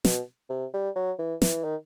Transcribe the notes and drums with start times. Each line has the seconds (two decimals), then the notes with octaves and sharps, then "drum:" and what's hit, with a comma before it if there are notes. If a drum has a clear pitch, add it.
0.05 B2, drum: snare
0.50 C3
0.74 G3
0.96 F#3
1.19 E3
1.42 E3, drum: snare
1.64 D#3